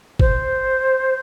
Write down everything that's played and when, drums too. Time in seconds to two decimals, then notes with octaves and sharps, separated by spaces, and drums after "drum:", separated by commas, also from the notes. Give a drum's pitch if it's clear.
0.19 C5, drum: kick G1